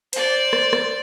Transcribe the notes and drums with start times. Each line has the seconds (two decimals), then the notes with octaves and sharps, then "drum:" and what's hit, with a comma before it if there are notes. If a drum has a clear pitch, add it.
0.13 C5 D5, drum: hi-hat
0.53 drum: rim click
0.73 drum: rim click